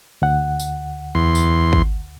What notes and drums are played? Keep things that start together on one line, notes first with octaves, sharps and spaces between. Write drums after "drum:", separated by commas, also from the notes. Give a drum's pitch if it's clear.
D2 F#5
drum: tambourine
E2 C6
drum: tambourine
drum: kick